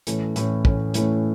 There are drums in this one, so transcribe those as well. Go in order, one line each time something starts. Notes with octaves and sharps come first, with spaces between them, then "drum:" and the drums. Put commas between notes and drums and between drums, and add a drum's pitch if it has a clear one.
A2 E3 A3 C#4, drum: hi-hat
A2 E3 A3 C#4, drum: hi-hat
A2 E3 A3 C#4, drum: kick
A2 E3 A3 C#4, drum: hi-hat